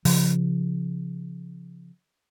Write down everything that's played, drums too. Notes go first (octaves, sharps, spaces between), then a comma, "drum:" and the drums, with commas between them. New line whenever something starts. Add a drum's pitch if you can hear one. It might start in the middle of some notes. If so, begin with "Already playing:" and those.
C#3 F3, drum: open hi-hat